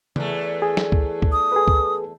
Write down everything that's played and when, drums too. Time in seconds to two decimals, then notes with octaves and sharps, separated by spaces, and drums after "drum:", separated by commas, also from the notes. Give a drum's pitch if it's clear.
0.16 E2 A3, drum: tom C#3
0.62 G#4
0.77 drum: snare
0.92 drum: kick C#2
1.22 drum: kick C#2
1.32 D#6
1.52 G#4 A4 B4
1.68 drum: kick C#2